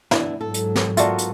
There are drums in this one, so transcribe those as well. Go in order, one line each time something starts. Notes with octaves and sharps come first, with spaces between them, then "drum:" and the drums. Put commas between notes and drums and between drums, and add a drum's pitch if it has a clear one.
B3 D4 E4, drum: snare
G#2 F#3 A4
drum: hi-hat
drum: snare
B3 F4 F#4 A4 A#4 D5 E5, drum: hi-hat
drum: hi-hat